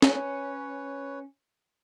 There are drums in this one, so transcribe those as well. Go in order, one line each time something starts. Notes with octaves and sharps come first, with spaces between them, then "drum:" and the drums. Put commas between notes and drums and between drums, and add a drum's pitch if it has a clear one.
C#4 B4 C#5, drum: snare